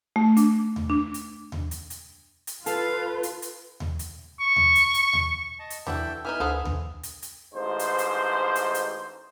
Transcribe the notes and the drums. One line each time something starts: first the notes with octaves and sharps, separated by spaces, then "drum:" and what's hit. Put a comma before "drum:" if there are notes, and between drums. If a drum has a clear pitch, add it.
A3
D4, drum: hi-hat
drum: tom D#2
D4
drum: hi-hat
drum: tom D#2
drum: hi-hat
drum: hi-hat
drum: hi-hat
F4 A4 B4 F5, drum: hi-hat
drum: hi-hat
drum: hi-hat
drum: tom D#2
drum: hi-hat
C#6
drum: tom D#2
drum: hi-hat
drum: hi-hat
drum: tom D#2
D#5 A5
drum: hi-hat
E3 D4 F#4 A4 E5 G5, drum: tom D#2
E3 B3 D#4 E5 G#5 F6
D2 A4 B4 C5 D#6
drum: tom D#2
drum: hi-hat
drum: hi-hat
A1 G#2 C5
drum: hi-hat
drum: hi-hat
drum: hi-hat
drum: hi-hat